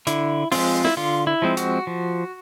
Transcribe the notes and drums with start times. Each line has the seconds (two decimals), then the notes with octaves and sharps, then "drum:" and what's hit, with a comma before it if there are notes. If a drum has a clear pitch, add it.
0.07 D3 E4, drum: hi-hat
0.52 F3 G#3 C4 F4, drum: open hi-hat
0.85 E4, drum: snare
0.97 D3 F4
1.27 E4
1.42 F3 G#3 C4
1.57 F#4, drum: hi-hat
1.87 F3